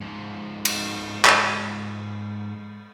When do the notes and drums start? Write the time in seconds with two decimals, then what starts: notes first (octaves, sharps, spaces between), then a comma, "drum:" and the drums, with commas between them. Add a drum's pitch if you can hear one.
0.01 G#2 F3
0.65 drum: cymbal
1.25 drum: clap